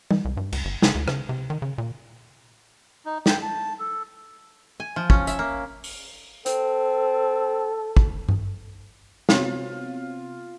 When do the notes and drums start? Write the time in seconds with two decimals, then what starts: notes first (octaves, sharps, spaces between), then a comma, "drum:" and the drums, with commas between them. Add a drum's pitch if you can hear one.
0.11 E3, drum: tom G3
0.25 C2
0.37 G2
0.52 C#2, drum: cymbal
0.65 G1
0.82 C#3, drum: snare
0.95 D2
1.08 C#3, drum: rim click
1.29 C3
1.50 D#3
1.62 C#3
1.78 A#2
3.06 D#4
3.26 G5, drum: snare
3.42 A5
3.80 A4
4.80 G#5
4.96 F3
5.10 C#4, drum: kick
5.27 E5, drum: hi-hat
5.39 A#3
5.84 drum: open hi-hat
6.46 C4 A4, drum: hi-hat
7.97 drum: kick
8.29 drum: tom G2
9.29 C3 B3 C4 F4 F#4 C#5 F5, drum: snare